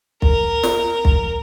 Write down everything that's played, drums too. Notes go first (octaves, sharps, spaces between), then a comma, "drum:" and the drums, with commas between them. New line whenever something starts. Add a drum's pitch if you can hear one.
A#4, drum: kick
drum: snare
drum: kick